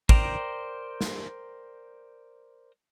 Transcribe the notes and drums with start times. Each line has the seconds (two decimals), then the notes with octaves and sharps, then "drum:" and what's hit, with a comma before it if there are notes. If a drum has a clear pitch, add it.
0.09 A#4 C5 D5 G5 A#5, drum: kick
1.01 drum: snare